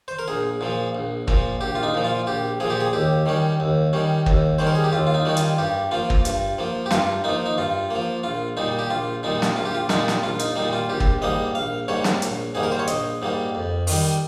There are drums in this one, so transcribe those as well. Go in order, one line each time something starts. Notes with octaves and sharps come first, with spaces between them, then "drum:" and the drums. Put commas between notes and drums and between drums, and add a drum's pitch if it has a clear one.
C5
A#4
A#1 G#4
A#2 F3
A#1
A#2 F3, drum: kick
A#1 G4
F4
D#4
A#2 F3
F4
A#1 G4
A#2 F3 G#4
G4
G#4
D#2 G4
D#3 G3 C#4
D#2
D#3 G3 C#4
D#2, drum: kick
D#3 G3 C#4 C5
A#4
G#4
G4
D#2 F4
F4
D#4
D#3 G3 C#4 D#4
F4, drum: hi-hat
G2 G4
F3 A#3 F4
drum: kick
G2, drum: hi-hat
F3 A#3
G4
G2 F4, drum: snare
F3 A#3 D#4
D#4
G2 F4
F3 A#3
A#1 F4
A#2 G3 D#4
G4
A#1 F4
A#2 G3 D#4
drum: snare
A#1 F4
G4
F4
A#2 G3 D#4, drum: snare
drum: snare
A#1 F4
D#4, drum: hi-hat
A#2 G3 D#4
F4
A#1 G4
drum: kick
G#2 G3 A#3 D#5
A#1 F5
G#2 G3 A#3 C#5
drum: snare
A#1, drum: hi-hat
G#2 G3 A#3 G#4
A#4
C5
C#5
A#1 D#5, drum: hi-hat
G#2 G3 A#3
F2
D#3, drum: open hi-hat
G3